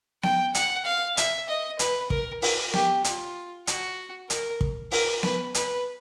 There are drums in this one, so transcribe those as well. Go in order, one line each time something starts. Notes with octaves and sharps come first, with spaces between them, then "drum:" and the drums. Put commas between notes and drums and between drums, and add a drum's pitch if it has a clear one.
G5, drum: snare B3
F#5, drum: hi-hat
F5
E5, drum: hi-hat
D#5
B4, drum: hi-hat
A#4, drum: kick
A#4, drum: open hi-hat
G4, drum: snare B3
F4, drum: hi-hat
F#4, drum: hi-hat
A#4, drum: hi-hat
drum: kick
A#4, drum: open hi-hat
B4, drum: snare B3
B4, drum: hi-hat